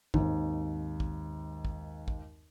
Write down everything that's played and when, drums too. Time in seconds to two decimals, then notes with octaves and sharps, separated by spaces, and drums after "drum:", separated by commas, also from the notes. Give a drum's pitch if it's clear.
0.14 G#1 D#2, drum: kick
1.00 drum: kick
1.65 drum: kick
2.08 drum: kick